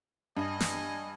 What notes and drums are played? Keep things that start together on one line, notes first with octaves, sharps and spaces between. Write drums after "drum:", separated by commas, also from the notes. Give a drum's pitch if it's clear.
G2 D#5 G#5
drum: snare